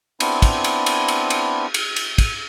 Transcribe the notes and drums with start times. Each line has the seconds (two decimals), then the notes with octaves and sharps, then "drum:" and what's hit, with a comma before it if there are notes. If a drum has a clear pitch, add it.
0.20 B3 C4 D4 E4, drum: cymbal
0.42 drum: kick, cymbal
0.64 drum: cymbal
0.86 drum: cymbal
1.08 drum: cymbal
1.30 drum: cymbal
1.74 drum: cymbal
1.96 drum: cymbal
2.18 drum: kick, cymbal